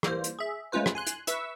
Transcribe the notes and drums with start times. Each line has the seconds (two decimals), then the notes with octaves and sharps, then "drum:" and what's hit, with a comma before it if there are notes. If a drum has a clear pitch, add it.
0.03 E3 G3 A#3 C5, drum: rim click
0.24 drum: hi-hat
0.39 G#4 E5
0.72 G#3 A3 C#4 F4 B4 C5
0.86 drum: rim click
0.95 G#5 C6 F#6
1.07 drum: hi-hat
1.27 B4 E5 C#6 E6, drum: hi-hat